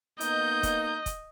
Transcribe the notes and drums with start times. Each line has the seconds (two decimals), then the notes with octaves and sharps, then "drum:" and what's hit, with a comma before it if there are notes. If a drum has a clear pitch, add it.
0.20 A#3 B3 D#4 D#5 G6, drum: hi-hat
0.63 drum: kick, hi-hat
1.06 drum: kick, hi-hat